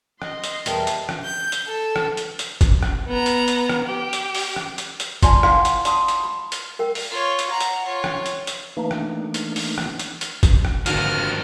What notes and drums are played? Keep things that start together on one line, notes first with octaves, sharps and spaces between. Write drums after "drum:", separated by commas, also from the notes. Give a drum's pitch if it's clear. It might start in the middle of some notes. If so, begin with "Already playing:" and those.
D#5 C6, drum: rim click
drum: hi-hat
E2 G3 A#4 E5 G5 A5, drum: hi-hat
drum: hi-hat
drum: rim click
G6
drum: hi-hat
A4
drum: rim click
drum: hi-hat
drum: hi-hat
drum: kick, hi-hat
drum: rim click
B3 A#5
drum: hi-hat
drum: hi-hat
drum: rim click
G4
drum: hi-hat
drum: open hi-hat
drum: rim click
drum: hi-hat
drum: hi-hat
F4 D5 G#5 A5 C6, drum: kick, hi-hat
E4 D5 F5 F#5 C6, drum: rim click
drum: hi-hat
D5 A5 C6 D#6, drum: hi-hat
drum: hi-hat
B5
drum: hi-hat
A#4 G5
drum: open hi-hat
F4 C#5
drum: hi-hat
F#5 A#5
drum: hi-hat
F4 C#5
drum: rim click
drum: hi-hat
drum: hi-hat
E3 A3 A#3 D4 D#4
drum: rim click
drum: hi-hat
drum: open hi-hat
drum: rim click
drum: hi-hat
drum: hi-hat
drum: kick, hi-hat
drum: rim click
G#1 G2 D3 D#3 F3 F#4 F6, drum: hi-hat